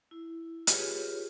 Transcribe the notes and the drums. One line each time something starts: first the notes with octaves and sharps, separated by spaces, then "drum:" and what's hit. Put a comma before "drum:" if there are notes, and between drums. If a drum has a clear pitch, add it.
E4
F4 G4 G#4 B4 C#5, drum: hi-hat